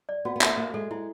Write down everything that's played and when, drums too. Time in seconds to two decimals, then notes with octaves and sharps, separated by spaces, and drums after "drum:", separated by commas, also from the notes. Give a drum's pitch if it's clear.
0.09 D5
0.25 B3 F#4
0.36 B3
0.41 E5, drum: clap
0.46 A#3
0.57 A#3 C5
0.74 G#3 A4
0.91 G#3 E4